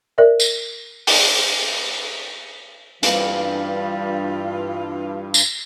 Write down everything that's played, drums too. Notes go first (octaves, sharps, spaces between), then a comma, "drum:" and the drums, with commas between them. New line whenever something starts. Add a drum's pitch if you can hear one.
A#4 D5 E5
drum: tambourine
drum: open hi-hat
G2 E3 G3 E4 F4 B4 F5 F#7, drum: hi-hat
drum: tambourine